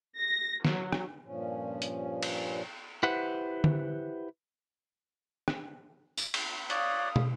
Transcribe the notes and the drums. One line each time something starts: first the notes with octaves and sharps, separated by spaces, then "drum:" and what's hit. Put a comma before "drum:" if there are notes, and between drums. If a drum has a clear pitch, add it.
A#6
F#3, drum: snare
drum: rim click
G2 A#2 F3 C#4
drum: hi-hat
drum: cymbal
E4 G4 B4 C5 F#5
drum: tom D3
drum: rim click
drum: tambourine
drum: cymbal
C#5 D5 F5 D#6 F#6, drum: hi-hat
drum: tom